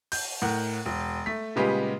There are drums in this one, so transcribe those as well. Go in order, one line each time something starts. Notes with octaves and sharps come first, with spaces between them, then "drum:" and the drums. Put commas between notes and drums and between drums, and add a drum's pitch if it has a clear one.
G6, drum: open hi-hat
A2 A#4 F#5
E1
A3 B6
A#2 C#3 G3 G#3 B3 G4